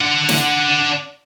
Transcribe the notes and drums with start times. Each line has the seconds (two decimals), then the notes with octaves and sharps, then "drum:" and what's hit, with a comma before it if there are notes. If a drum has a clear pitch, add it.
0.01 D4 F#5
0.29 drum: snare